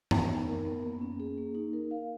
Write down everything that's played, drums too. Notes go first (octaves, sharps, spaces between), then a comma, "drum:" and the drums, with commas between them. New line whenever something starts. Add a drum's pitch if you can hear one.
B3, drum: tom F#2
D#4
A#4
B3
A#3
C#4
G#4
A#3
D#4
A#4
F5